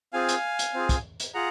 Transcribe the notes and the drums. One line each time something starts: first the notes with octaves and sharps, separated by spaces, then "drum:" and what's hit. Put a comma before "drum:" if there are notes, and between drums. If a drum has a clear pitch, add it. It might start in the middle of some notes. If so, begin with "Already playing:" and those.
C4 F4 G#4 F5 G#5
drum: hi-hat
drum: hi-hat
C4 F4 G#4
drum: kick, hi-hat
drum: hi-hat
F4 G#4 F#5 A#5